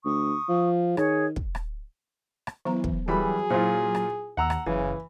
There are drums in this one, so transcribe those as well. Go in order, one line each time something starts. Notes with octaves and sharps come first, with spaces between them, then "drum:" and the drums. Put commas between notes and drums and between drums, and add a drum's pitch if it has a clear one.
D2 C#6 D#6
F3
D#3 G#4 C#5, drum: rim click
drum: kick
drum: rim click
drum: rim click
E3 F#3 B3 A#5
drum: kick
E3 F#3 G3 G#4 A4 G5 B5
A#2 E4 F4 C5
drum: rim click
D#2 F#5 A#5 E6
drum: rim click
F#1 C#3 E3